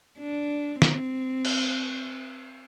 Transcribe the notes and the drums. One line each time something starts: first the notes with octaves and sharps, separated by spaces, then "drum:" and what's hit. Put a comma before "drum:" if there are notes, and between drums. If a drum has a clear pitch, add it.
D4
C4, drum: snare
drum: cymbal